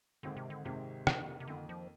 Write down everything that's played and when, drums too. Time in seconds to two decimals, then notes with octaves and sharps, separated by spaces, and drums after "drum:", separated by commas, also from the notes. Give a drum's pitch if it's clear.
0.23 G#1 G#2 D3 D#3 G#3 C4
0.37 C3
0.50 D3
0.65 G#1 G#2 C3 D#3 G#3 C4
1.07 F2 D#3 A#3, drum: rim click
1.40 C3
1.47 F2 D3 D#3 A#3
1.69 F3